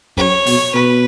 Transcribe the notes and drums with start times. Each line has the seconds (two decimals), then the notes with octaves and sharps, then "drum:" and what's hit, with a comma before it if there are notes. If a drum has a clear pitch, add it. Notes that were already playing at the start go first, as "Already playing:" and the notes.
0.17 F#2 C#5, drum: kick
0.46 B2, drum: open hi-hat
0.75 B2 B4